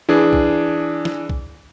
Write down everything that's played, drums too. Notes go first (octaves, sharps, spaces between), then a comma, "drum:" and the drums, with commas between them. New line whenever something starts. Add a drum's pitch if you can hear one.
E3 D4 G#4
drum: kick B1
drum: snare
drum: kick B1